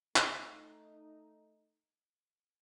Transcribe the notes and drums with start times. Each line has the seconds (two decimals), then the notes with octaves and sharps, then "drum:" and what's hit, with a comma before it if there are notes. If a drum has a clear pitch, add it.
0.16 A3 D#4, drum: clap